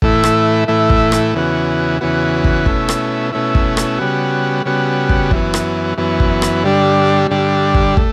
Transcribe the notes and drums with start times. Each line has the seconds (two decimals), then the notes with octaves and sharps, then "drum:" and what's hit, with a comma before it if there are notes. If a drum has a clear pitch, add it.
0.02 A2 E3 A3 E4, drum: kick
0.24 drum: rim click
0.68 A2 E3 A3 E4
0.90 drum: kick
1.12 drum: rim click
1.33 E2 C#3 E3 B3 F#4
2.01 E2 C#3 E3 B3 F#4
2.44 drum: kick
2.66 B2 A3 C#4 E4, drum: kick
2.89 drum: rim click
3.32 B2 A3 C#4 E4
3.55 drum: kick
3.77 drum: rim click
3.98 C#3 G3 B3 F#4
4.65 C#3 G3 B3 F#4
5.09 drum: kick
5.31 F#2 E3 B3, drum: kick
5.54 drum: rim click
5.98 F#2 E3 B3
6.20 drum: kick
6.42 drum: rim click
6.64 G2 D3 G3 D4
7.31 G2 D3 G3 D4
7.74 drum: kick
7.97 A3, drum: kick